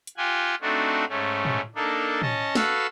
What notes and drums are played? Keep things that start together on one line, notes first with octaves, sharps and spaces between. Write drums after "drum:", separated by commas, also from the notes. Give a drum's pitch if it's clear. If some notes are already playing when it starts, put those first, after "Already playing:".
drum: hi-hat
F4 G4 F#5 G#5
A3 C4 D4 D#4 F#4
G#2 A3 C#4
drum: tom
A#3 D4 D#4 A4
C#4 D#5 A5, drum: tom
F#4 A4 B4 F5 E6, drum: snare